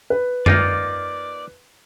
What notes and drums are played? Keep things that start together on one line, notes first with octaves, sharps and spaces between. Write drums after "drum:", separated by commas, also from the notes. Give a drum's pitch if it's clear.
B4
A#3 D#4 F4 D5, drum: tom F#2